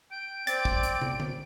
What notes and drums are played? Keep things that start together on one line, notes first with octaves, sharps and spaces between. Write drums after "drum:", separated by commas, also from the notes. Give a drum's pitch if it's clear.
G5 D7
C4 D5 G5 A6, drum: hi-hat
drum: kick
drum: hi-hat
drum: tom
drum: tom D3